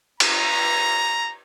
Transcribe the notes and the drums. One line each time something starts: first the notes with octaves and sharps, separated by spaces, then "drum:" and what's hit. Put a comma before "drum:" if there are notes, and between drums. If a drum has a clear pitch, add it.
A#5, drum: cymbal